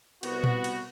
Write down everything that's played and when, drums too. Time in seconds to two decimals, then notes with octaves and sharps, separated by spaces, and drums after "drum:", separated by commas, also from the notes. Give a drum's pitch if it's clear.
0.23 C2 B3 F#4, drum: cymbal
0.44 drum: tom A#2
0.64 drum: cymbal